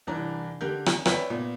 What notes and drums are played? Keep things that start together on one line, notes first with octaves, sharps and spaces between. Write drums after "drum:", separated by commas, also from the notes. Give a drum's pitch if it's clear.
C2 E3 D4 A#5
D3 G4 A#4 G6
drum: rim click
B4 C#5 D5 E5 G5 B5, drum: rim click
A#2 B3